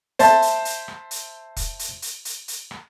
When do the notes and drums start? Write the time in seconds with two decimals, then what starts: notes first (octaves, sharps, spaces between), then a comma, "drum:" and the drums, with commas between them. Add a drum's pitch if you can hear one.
0.19 C5 E5 A5 C6, drum: hi-hat
0.42 drum: hi-hat
0.65 drum: hi-hat
0.88 drum: rim click
1.11 drum: hi-hat
1.56 drum: kick E1, hi-hat
1.79 drum: hi-hat
2.02 drum: hi-hat
2.25 drum: hi-hat
2.48 drum: hi-hat
2.71 drum: rim click